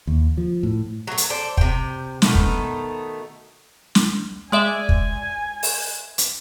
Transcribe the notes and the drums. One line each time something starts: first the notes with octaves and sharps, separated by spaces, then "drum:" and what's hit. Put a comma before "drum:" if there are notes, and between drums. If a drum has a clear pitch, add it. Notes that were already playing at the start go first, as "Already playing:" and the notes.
D#2
F3
A2
F#3 A3
drum: hi-hat
A4 C5 D5
C3 G5, drum: kick
B2 D#3 A3 D#4, drum: snare
drum: kick
drum: snare
G#3 D5 E5 G#5
drum: kick
drum: open hi-hat
drum: hi-hat